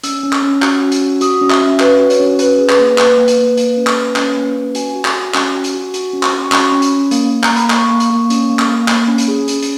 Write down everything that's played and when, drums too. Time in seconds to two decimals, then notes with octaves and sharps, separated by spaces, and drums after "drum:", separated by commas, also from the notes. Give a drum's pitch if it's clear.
0.04 C#4 E6, drum: hi-hat
0.23 C#4
0.33 drum: clap
0.42 C#4
0.62 F#4, drum: clap
0.82 C#4
0.92 drum: hi-hat
1.02 F#4
1.21 F#4 D#6, drum: hi-hat
1.42 C#4
1.50 E5, drum: clap
1.61 C#4
1.80 F#4 B4, drum: clap
2.00 F#4
2.10 C#5, drum: hi-hat
2.20 C#4
2.39 C#4 B4, drum: hi-hat
2.58 G#4
2.69 B4, drum: clap
2.79 A#3
2.98 A#3 B4, drum: clap
3.18 A#3
3.28 drum: hi-hat
3.38 A#3
3.57 A#3, drum: hi-hat
3.77 C#4
3.87 drum: clap
3.97 A#3
4.16 C#4, drum: clap
4.37 A#3
4.56 C#4
4.75 F#4 G#5, drum: hi-hat
4.95 F#4
5.05 drum: clap
5.15 F#4
5.34 C#4, drum: clap
5.55 F#4
5.64 drum: hi-hat
5.74 F#4
5.94 F#4, drum: hi-hat
6.13 C#4
6.23 drum: clap
6.33 F#4
6.44 C#6
6.52 C#4 B5, drum: clap
6.72 C#4
6.82 drum: hi-hat
6.92 C#4
7.11 A#3, drum: hi-hat
7.31 A#3
7.44 A#5, drum: clap
7.50 A#3
7.56 B5, drum: hi-hat
7.70 A#3 C#6, drum: clap
7.91 A#3
8.00 drum: hi-hat
8.10 A#3
8.30 C#4, drum: hi-hat
8.50 A#3
8.59 drum: clap
8.68 A#3
8.88 A#3 B5, drum: clap
9.08 C#4
9.18 drum: hi-hat
9.28 G#4
9.48 C#4, drum: hi-hat
9.62 drum: hi-hat